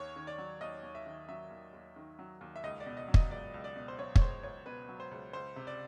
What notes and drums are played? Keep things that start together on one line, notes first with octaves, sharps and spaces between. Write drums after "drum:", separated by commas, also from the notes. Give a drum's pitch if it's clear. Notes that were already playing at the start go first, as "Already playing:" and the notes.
Already playing: D#2 C#5
D#3
D5
F#3
D#2 D#5
D#2
E5
D#3
F#3 E5
D#2
D#2
D#3
F#3
D#2
E5
C#2 D#5
D5
B2
D#5
F#3
D#5, drum: kick
C#2 D5
C#2
D5
B2
C5
F#3 C#5
C#5, drum: kick
C#2 C5
C#2 C#5
B2 B4
F#3
C5
C#2
C#2 C5
C3
D5